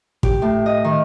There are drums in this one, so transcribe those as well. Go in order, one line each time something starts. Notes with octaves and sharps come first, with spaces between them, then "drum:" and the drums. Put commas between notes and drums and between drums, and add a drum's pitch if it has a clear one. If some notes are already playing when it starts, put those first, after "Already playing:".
G4, drum: kick
A2
D#5
D#3